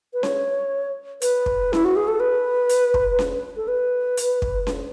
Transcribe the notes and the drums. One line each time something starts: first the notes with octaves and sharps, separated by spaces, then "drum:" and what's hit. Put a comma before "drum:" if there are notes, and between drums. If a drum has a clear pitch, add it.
B4
C#5, drum: snare C#4
B4, drum: hi-hat
drum: kick
E4, drum: snare C#4
F#4
G#4
A4
B4
drum: hi-hat
drum: kick
drum: snare C#4
A4
B4
drum: hi-hat
drum: kick
drum: snare C#4